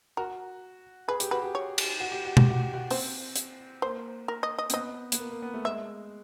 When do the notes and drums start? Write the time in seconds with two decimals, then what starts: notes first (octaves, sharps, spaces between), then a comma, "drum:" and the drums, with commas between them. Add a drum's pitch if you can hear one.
0.17 F#4 A#4
1.08 G#4 B4
1.20 G4, drum: hi-hat
1.31 F#4 B4
1.42 G4
1.55 C#5
1.78 drum: cymbal
2.00 F#4
2.12 G4
2.25 F#4
2.37 G4, drum: tom B2
2.49 F#4
2.62 G4
2.74 F#4
2.90 C4 C5, drum: open hi-hat
3.36 drum: hi-hat
3.82 A#3 C5
4.28 A#4
4.43 D#5
4.58 D#5
4.70 C4, drum: hi-hat
4.74 B3 D#5
5.12 B3, drum: hi-hat
5.19 A#3
5.31 A#3
5.42 B3
5.54 A3
5.65 G#3 E5